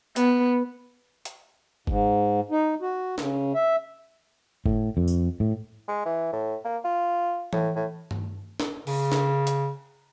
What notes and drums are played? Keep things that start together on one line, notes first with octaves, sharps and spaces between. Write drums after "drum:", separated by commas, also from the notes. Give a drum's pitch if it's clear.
B3, drum: hi-hat
drum: hi-hat
G#2, drum: kick
D#4
F#4
C#3, drum: snare
E5
A2, drum: kick
F2
drum: tambourine
A2
G#3
E3
A2
A#3
F4
A2, drum: tom E3
A2
drum: tom G2
drum: snare
C#3, drum: cymbal
drum: snare
drum: hi-hat